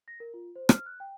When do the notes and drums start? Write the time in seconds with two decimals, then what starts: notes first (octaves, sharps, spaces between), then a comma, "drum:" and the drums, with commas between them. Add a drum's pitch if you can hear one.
0.08 A#6
0.20 A#4
0.34 F4
0.56 C5
0.69 F6, drum: rim click
0.86 F#6
1.00 G5